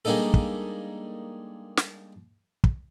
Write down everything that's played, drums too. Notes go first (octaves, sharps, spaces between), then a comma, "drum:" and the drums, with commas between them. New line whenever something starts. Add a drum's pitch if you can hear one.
G3 G#3 A#3 D4 D#4 A4
drum: kick
drum: snare
drum: kick